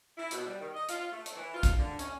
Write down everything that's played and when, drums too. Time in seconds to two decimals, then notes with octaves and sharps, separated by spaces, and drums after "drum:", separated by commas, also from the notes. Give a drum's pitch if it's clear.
0.16 E4
0.31 B2, drum: hi-hat
0.46 G3
0.60 D#3
0.74 D#5
0.89 F4, drum: hi-hat
1.13 A3
1.26 drum: hi-hat
1.36 E3
1.54 F4
1.63 drum: kick, hi-hat
1.79 D3
1.99 C#4, drum: hi-hat